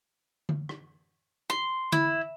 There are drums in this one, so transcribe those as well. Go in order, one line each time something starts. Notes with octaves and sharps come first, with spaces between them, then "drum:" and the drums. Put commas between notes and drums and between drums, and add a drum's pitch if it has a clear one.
drum: tom D3
drum: rim click
C6, drum: rim click
E4, drum: tom D3